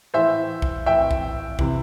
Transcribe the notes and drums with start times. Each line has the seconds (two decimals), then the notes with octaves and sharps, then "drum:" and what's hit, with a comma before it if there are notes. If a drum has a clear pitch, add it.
0.14 A2 E3 C5 E5
0.62 drum: kick
0.86 A2 E3 E5 G5
1.11 drum: kick
1.59 C3 E3, drum: kick